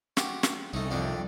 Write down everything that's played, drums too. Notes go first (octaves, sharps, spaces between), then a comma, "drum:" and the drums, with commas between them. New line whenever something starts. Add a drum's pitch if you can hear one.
F#4 G4, drum: snare
drum: snare
C2 A3 D#4
F2 D#3 D4